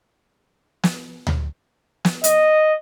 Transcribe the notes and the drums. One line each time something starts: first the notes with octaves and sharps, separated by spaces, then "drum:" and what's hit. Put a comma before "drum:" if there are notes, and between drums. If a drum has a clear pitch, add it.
drum: snare
drum: tom D2
drum: snare
D#5, drum: hi-hat